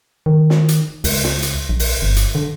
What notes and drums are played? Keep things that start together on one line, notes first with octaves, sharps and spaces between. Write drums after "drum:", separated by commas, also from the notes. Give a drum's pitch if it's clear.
D#3
drum: snare
drum: hi-hat
C#2, drum: open hi-hat
drum: snare
drum: hi-hat
A#1
drum: open hi-hat
G1
drum: hi-hat
D3